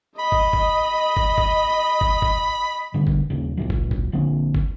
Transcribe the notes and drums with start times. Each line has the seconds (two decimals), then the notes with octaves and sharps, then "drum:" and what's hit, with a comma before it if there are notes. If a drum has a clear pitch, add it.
0.19 D#5 B5
0.32 drum: kick
0.53 drum: kick
1.17 drum: kick
1.38 drum: kick
2.01 drum: kick
2.22 drum: kick
2.94 B2 D3 G3
3.07 drum: kick
3.30 D#1 D#2 C#3
3.57 C#2 A#2 F#3
3.70 drum: kick
3.91 drum: kick
4.12 A#1 D3 A#3 C4
4.55 drum: kick